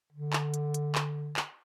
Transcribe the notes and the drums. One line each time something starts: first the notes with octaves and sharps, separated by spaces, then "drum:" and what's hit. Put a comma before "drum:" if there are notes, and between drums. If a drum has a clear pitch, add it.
D3
drum: clap
drum: hi-hat
drum: hi-hat
drum: clap
drum: clap